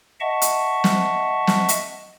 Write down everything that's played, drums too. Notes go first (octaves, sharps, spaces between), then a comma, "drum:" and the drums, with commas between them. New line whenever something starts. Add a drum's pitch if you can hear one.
D#5 E5 F#5 A5 C#6
drum: hi-hat
drum: snare
drum: snare
drum: hi-hat